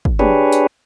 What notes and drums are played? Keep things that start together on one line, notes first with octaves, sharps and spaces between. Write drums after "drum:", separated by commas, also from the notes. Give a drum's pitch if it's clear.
drum: kick
D4 G4 G#4 B4 C#5, drum: tom
drum: hi-hat